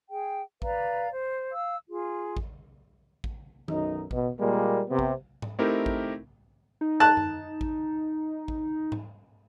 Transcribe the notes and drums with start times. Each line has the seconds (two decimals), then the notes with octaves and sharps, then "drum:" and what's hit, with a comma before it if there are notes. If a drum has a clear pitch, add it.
0.09 G#4 G5
0.62 B4 D5 F5 A#5, drum: kick A1
1.10 C5
1.52 F5 E6
1.89 F4 G#4
2.37 drum: kick A1
3.24 drum: kick A1
3.68 B1 F#2 D#4, drum: tom D#3
4.11 B2, drum: kick A1
4.40 A#2 G3 G#3 A#3
4.89 C3 B3
4.99 drum: kick A1
5.42 drum: tom G#2
5.59 A3 C4 D#4 E4 G4 A#4
5.86 drum: kick A1
6.81 D#4
7.00 A5 F#6
7.17 drum: tom F#2
7.61 drum: kick A1
8.48 drum: kick A1
8.92 drum: tom G#2